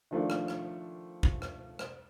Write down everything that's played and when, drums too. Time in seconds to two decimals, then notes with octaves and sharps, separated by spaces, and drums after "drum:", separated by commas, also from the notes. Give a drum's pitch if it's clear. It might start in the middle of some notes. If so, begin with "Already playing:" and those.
0.11 D#3 F3 A3 D4
0.30 drum: rim click
0.48 drum: rim click
1.23 drum: kick
1.42 drum: rim click
1.79 drum: rim click